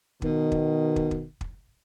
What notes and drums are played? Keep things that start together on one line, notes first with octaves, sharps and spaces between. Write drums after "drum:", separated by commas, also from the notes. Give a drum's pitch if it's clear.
B2 D#3, drum: kick
drum: kick
drum: kick
drum: kick
drum: kick